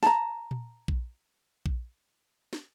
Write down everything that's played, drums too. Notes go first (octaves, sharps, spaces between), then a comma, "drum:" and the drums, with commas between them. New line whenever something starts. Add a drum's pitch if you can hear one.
A5 A#5, drum: snare
drum: tom A#2
drum: kick A#1
drum: kick A#1
drum: snare